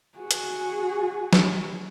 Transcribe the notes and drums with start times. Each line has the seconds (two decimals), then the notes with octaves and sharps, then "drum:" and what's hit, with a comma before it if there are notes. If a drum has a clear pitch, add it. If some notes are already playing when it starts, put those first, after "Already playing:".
0.18 F#4 G#4
0.31 drum: hi-hat
1.33 drum: snare